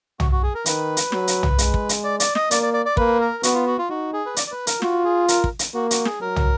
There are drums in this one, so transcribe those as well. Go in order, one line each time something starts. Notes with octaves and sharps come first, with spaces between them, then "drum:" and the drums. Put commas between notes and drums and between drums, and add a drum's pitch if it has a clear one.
F#4, drum: tom
F#4
G#4
A#4
D#3 B4, drum: hi-hat
drum: hi-hat
F#3, drum: snare
drum: hi-hat
drum: tom
G#3, drum: hi-hat
drum: kick
drum: hi-hat
D5
D5, drum: hi-hat
D#5, drum: snare
A#3 D5, drum: hi-hat
D5
D5
D5
A#3 B4, drum: kick
A#4
B3 F#4, drum: hi-hat
F4
F#4
F4
D#4 F#4
G#4
B4
D5, drum: hi-hat
D5
B4
A#4, drum: hi-hat
F4 F#4, drum: snare
G#4
A#4, drum: hi-hat
drum: kick
drum: hi-hat
A#3 F#4
F#4, drum: hi-hat
G#4, drum: snare
F#3 A#4
drum: tom